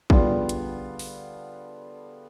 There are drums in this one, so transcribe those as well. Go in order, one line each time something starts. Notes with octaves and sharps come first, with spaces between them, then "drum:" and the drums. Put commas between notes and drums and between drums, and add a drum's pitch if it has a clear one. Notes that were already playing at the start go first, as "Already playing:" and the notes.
D3 G3 B3 D4 F4 G#4, drum: kick A1
drum: hi-hat
drum: open hi-hat